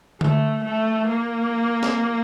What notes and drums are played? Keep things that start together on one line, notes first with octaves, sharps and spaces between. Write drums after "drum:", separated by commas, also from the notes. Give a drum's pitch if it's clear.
A3, drum: tom D3
A3
A#3
drum: snare